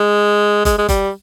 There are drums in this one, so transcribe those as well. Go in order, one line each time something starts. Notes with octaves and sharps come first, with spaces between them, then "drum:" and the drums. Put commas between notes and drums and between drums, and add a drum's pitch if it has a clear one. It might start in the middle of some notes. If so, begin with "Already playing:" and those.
Already playing: G#3
G#3, drum: kick F#1, hi-hat
G#3
G3, drum: kick F#1, hi-hat